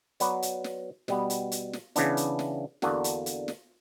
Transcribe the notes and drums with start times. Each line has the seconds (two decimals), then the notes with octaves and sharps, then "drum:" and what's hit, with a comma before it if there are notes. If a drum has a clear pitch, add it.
0.20 F#3 B3 F#4 B4 D5, drum: hi-hat
0.42 drum: hi-hat
0.64 drum: snare
1.08 B2 G3 B3, drum: snare
1.30 drum: hi-hat
1.52 drum: hi-hat
1.73 drum: snare
1.96 C#3 E3 B3 D4, drum: hi-hat
2.17 drum: hi-hat
2.39 drum: snare
2.82 E2 D3 A#3 D4 F#4, drum: snare
3.04 drum: hi-hat
3.26 drum: hi-hat
3.48 drum: snare